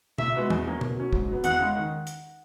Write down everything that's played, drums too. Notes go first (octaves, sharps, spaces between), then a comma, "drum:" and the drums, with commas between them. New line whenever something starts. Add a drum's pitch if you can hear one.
A#2 E5, drum: tom
G#3 B3 F#4
E2, drum: tom
B2 A#3 C#4
B2, drum: tom
F#3 C#4
G#2, drum: kick
F#3 B3
E2 F#5, drum: hi-hat
C#3 G#3
D#3
drum: hi-hat